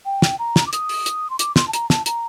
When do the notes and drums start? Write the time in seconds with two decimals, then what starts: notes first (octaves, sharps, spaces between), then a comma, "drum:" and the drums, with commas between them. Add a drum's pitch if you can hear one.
0.06 G5
0.22 drum: snare
0.39 A#5
0.56 drum: snare
0.67 D6
0.73 D#6, drum: hi-hat
0.89 drum: open hi-hat
1.06 drum: hi-hat
1.30 C6
1.39 D6, drum: hi-hat
1.56 C6, drum: snare
1.68 A5
1.73 A#5, drum: hi-hat
1.90 A5, drum: snare
2.06 A#5, drum: hi-hat